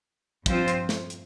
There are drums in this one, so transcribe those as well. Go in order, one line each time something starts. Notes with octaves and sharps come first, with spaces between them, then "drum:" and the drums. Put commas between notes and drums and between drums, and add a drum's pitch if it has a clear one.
G2 F3 C4 F4 C5, drum: kick, hi-hat
drum: hi-hat
drum: snare
drum: hi-hat